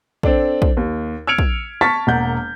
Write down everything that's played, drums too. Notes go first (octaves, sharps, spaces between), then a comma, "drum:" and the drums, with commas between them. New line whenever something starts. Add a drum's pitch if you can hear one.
C4 D4 A4, drum: kick
drum: kick
D#2
E6 F6 G#6 C#7 D7 F7
drum: kick
A5 C#6 F6 A6 B6
E1 A#3 F#5 G6